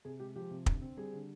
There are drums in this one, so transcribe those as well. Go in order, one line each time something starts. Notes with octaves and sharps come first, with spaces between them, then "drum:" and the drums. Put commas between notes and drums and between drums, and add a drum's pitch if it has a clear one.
C3 G#4
G#3 G4
F3 G4
C3
D3, drum: kick
C4
G3 G#4
D3